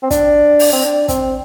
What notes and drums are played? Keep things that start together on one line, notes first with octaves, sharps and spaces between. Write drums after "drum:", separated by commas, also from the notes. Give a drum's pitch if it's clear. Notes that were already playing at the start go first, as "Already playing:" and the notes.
C4
D4, drum: kick, hi-hat
drum: open hi-hat
C4
D4
C4, drum: kick, hi-hat